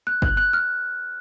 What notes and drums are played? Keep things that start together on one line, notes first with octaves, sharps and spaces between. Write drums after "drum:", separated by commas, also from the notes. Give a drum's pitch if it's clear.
F#6
F#6, drum: kick G1
F#6
F6